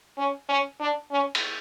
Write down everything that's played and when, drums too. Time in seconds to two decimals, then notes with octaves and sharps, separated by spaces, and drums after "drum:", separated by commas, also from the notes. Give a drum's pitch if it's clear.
0.18 C#4
0.49 C#4
0.80 D4
1.11 C#4
1.35 drum: cymbal